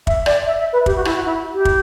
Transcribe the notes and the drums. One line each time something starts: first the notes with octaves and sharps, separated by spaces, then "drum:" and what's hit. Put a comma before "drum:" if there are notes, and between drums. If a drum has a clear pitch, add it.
E5, drum: kick
D5, drum: rim click
E5
E5
B4
G4, drum: kick
F#4
E4, drum: rim click
F#4
E4
G4
drum: kick